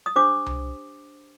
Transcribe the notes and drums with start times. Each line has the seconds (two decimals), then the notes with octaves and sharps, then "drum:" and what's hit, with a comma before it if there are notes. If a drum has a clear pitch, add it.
0.06 D#6
0.16 D4 G4 C5 D6
0.46 drum: tom C2